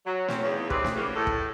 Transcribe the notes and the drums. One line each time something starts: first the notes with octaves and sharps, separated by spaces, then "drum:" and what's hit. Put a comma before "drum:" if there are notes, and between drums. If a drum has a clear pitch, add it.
F#3
C4 C#4, drum: snare
E2 G#2 C#3
D#2 C3 C4 G#4 B4 D5, drum: kick
drum: snare
C#3 E3 A#3 C#4 F#4 G4
A2 A4
drum: kick